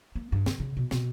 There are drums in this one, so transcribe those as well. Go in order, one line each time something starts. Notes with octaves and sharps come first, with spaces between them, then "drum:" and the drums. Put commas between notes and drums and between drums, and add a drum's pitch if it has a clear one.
A#3
G2
D3, drum: snare
C#3
B2
B2, drum: snare